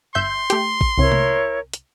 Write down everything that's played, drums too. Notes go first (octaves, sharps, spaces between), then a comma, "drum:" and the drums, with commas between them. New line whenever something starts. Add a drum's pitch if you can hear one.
G1 E5 C6 G6
A3 G4, drum: hi-hat
drum: kick
C2 C3 E4 A#4 C#5
drum: tom C3
drum: hi-hat